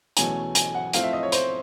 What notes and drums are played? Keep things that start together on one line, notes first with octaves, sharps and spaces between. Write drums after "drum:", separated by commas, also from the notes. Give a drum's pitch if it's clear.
E2 B2 F#3 A3 C#4 G#5, drum: hi-hat
G#5, drum: hi-hat
F#5
A2 F3 A3 C4 F5, drum: hi-hat
E5
D#5
C#5
C5, drum: hi-hat